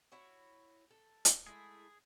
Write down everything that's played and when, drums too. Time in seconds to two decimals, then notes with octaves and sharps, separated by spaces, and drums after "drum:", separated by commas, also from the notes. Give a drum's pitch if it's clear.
0.12 E4 F#4 C#5
0.90 A4
1.25 drum: hi-hat
1.47 G#3 A3 E4 G#4